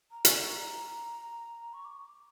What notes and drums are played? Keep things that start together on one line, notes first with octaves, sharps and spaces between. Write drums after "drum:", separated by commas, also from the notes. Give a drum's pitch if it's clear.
A#5
C#6, drum: hi-hat
A#5
C#6
D6
D6